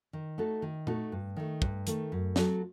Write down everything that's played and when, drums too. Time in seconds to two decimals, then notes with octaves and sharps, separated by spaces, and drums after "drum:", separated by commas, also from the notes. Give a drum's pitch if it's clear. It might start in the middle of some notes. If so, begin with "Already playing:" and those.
0.13 D#3
0.38 A3 D#4 F#4 A4
0.62 D#3
0.87 A3 D#4 F#4 A4, drum: tom A#2
1.12 G2
1.36 D#3 A3
1.62 G2, drum: kick
1.87 D#3 A3, drum: hi-hat
2.12 F#2
2.36 F#3 C4 F#4 A4, drum: snare